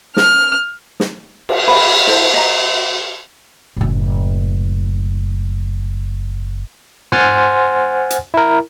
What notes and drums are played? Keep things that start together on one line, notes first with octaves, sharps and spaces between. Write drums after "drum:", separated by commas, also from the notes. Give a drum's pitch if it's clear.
F6, drum: snare
drum: snare
drum: cymbal
B5, drum: cymbal
E4 A4 C5
D#5 A#5
F#1 A2
C5 F#5 G#5 C6 F6 A6, drum: tom
drum: hi-hat
E4 A#4